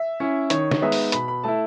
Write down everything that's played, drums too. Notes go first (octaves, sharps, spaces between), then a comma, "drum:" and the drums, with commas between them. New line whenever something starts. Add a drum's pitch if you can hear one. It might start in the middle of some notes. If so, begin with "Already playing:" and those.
Already playing: E5
C#4 E4
D#3 C#5, drum: hi-hat
drum: snare
G#3 B3 D#4 E5
drum: open hi-hat
B2 B5, drum: hi-hat
B5
A3 E4 A5